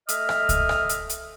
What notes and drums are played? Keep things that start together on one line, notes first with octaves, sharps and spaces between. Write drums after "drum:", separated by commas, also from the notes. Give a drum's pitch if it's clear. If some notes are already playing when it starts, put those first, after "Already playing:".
A3 D#5 E5 D#6 F6, drum: hi-hat
drum: rim click
drum: kick C2, hi-hat
drum: rim click
drum: hi-hat
drum: hi-hat